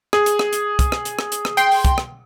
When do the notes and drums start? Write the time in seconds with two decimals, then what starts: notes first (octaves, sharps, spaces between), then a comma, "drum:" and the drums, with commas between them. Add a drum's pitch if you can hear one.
0.13 G#4, drum: rim click
0.26 drum: hi-hat
0.39 drum: rim click
0.53 drum: hi-hat
0.79 drum: kick, hi-hat
0.92 drum: rim click
1.05 drum: hi-hat
1.19 drum: rim click
1.32 drum: hi-hat
1.45 drum: rim click
1.57 G5 C6, drum: hi-hat
1.71 drum: open hi-hat
1.85 drum: kick, hi-hat
1.98 drum: rim click